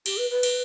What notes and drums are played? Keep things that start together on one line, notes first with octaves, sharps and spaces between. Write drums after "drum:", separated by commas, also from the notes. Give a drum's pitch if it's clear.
G4, drum: cymbal
B4
B4
drum: cymbal